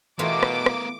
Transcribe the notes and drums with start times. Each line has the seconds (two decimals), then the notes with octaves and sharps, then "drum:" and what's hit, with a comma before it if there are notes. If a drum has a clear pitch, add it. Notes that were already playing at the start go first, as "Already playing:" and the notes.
0.19 B2 E3 A3 B3 F4 A#4 D6
0.43 drum: rim click
0.66 drum: rim click